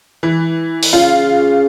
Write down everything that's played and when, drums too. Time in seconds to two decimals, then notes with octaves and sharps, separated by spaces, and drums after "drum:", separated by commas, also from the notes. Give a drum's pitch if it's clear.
0.23 E3
0.83 drum: open hi-hat
0.93 C#3 F4